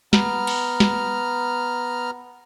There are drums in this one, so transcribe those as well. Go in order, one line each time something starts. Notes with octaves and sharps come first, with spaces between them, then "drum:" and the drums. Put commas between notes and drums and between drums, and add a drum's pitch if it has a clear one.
B3 A#5 F6, drum: snare
drum: cymbal
drum: snare